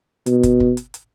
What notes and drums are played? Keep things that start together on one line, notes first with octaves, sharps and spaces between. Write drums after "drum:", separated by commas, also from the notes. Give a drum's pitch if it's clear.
B2, drum: hi-hat
drum: kick, hi-hat
drum: kick
drum: hi-hat
drum: hi-hat